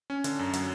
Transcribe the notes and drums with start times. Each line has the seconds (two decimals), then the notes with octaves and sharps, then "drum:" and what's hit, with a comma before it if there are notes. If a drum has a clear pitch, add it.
0.10 C#4
0.24 D3, drum: hi-hat
0.39 F#2
0.53 F#3, drum: hi-hat